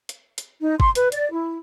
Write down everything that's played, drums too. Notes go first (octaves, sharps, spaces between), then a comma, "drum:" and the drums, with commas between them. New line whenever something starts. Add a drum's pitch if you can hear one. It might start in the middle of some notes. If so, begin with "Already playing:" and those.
drum: hi-hat
drum: hi-hat
D#4
C6, drum: kick G1
B4, drum: hi-hat
D5, drum: hi-hat
E4